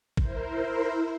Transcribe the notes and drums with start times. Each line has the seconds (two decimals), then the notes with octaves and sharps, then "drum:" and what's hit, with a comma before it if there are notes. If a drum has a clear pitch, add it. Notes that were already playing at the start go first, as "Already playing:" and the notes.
0.17 E4 A#4 C5, drum: kick